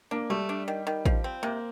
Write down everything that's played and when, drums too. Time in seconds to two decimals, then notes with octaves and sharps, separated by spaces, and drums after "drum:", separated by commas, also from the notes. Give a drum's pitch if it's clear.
0.11 A#3 D4
0.30 G3 A3
0.49 D4
0.68 D#3
0.87 D#3
1.05 F3, drum: kick A1
1.24 C4
1.43 C3 A#3